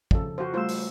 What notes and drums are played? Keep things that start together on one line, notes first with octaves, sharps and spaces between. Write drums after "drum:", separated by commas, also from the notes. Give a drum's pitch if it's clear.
C#3 F3 A4, drum: kick
F3 F4 F#4 C5
G3 A3 F4 C5 E6
drum: open hi-hat